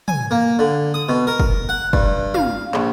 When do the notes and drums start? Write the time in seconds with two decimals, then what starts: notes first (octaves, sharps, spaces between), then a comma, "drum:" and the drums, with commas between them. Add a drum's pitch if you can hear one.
0.08 G#5, drum: tom
0.31 A#3
0.59 D3
0.94 D#6
1.09 B2
1.27 A#4
1.40 drum: kick
1.69 F#5
1.93 G2, drum: kick
2.34 F5, drum: tom
2.74 A#1, drum: clap